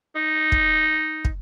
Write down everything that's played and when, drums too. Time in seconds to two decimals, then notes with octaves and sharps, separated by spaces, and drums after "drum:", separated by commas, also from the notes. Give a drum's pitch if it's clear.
0.16 D#4
0.52 drum: kick
1.25 drum: kick